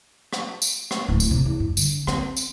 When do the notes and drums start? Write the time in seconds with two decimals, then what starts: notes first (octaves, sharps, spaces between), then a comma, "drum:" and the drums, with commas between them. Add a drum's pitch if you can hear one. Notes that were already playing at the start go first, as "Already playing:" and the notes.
0.33 drum: rim click
0.62 drum: tambourine
0.91 drum: rim click
1.09 D1
1.20 drum: tambourine
1.31 C3
1.46 E2
1.60 G2
1.77 D3, drum: tambourine
2.07 C4, drum: rim click
2.37 drum: tambourine